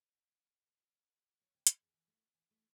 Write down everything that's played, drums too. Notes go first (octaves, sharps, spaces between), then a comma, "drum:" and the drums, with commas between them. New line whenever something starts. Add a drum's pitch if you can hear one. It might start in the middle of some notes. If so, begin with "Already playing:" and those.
C#5
C3
D#4, drum: hi-hat
E2
E3
A3
E3
A3